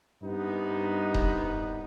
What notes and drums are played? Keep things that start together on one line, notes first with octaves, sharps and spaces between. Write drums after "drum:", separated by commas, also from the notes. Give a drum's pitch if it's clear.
C2 G2 B3 D#4
drum: kick D#1